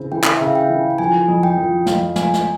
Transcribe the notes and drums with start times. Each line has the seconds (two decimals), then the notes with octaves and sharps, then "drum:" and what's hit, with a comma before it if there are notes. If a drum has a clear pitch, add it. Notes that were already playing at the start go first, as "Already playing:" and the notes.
Already playing: C#3 E3 C4
0.12 E3 G5
0.24 drum: clap
0.37 C#3 E5
0.46 F5
0.55 G5
0.70 E3
0.98 F3 G#5
1.28 F2
1.43 G5
1.57 F3
1.86 F2 F5, drum: snare
2.16 F2 G#5, drum: snare
2.34 drum: snare